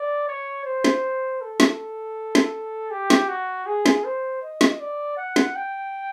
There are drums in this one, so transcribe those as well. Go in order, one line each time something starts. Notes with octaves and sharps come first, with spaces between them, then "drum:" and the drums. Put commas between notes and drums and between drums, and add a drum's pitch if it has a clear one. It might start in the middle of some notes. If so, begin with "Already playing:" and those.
Already playing: D5
C#5
C5
drum: snare
A4
drum: snare
drum: snare
G4
drum: snare
F#4
G#4
drum: snare
C5
D#5
drum: snare
D5
F#5
drum: snare
G5